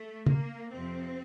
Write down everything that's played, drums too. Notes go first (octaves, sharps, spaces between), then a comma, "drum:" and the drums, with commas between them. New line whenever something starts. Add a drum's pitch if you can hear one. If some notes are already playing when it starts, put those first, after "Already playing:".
Already playing: A3
A#3, drum: tom
F2 C3 F3 C4